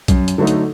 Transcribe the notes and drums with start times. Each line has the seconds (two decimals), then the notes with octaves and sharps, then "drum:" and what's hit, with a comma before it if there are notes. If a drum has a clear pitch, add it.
0.08 F#2, drum: kick B1, hi-hat
0.28 drum: hi-hat
0.38 D3 F#3 A3 D#4
0.47 drum: hi-hat